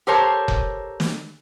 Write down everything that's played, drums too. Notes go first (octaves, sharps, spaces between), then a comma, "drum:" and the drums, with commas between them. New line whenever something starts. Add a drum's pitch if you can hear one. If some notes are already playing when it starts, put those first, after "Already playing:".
G4 A4 A#4 C5 C#5 A5
drum: kick F1
drum: snare